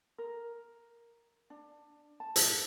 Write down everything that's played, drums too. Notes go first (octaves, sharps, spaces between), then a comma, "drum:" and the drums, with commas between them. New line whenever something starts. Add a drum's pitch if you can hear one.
A#4
D4
A5
drum: hi-hat